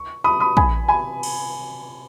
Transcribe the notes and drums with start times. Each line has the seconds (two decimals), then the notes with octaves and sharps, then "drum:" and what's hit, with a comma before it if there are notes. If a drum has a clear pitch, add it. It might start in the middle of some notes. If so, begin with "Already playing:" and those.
Already playing: C#6
0.24 B5 D#6
0.40 B5 D#6
0.57 G#5 B5, drum: kick
0.88 G#5 B5
1.23 drum: cymbal